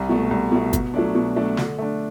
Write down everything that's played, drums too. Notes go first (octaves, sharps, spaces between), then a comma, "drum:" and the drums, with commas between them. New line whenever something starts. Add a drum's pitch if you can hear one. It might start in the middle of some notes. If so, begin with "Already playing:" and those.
Already playing: C2
B2 A3
C2
B2 A3
B2, drum: kick, hi-hat
F#3 A3 D4
B2
F#3 A3 D4
D3, drum: snare
A3 D4